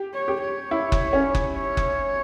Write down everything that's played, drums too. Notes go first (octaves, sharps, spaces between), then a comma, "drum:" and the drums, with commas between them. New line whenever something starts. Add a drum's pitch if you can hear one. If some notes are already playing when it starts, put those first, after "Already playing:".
Already playing: G4
C#5
G4
C#5
E4
drum: kick F#1
C#4
drum: kick F#1
C#5
drum: kick F#1